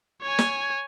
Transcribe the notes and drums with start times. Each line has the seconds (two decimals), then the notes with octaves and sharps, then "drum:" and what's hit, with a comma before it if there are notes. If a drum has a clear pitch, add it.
0.22 C#5 G#5
0.39 drum: snare